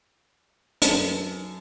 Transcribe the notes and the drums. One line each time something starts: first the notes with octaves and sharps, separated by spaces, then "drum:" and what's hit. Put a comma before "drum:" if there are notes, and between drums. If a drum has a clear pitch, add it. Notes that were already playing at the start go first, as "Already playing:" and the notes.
F#2 D#4 B4 A5, drum: hi-hat